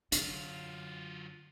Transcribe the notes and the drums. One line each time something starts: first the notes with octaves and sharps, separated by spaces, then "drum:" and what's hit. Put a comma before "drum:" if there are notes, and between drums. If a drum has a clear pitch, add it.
F#2 D3 F#3 F4, drum: hi-hat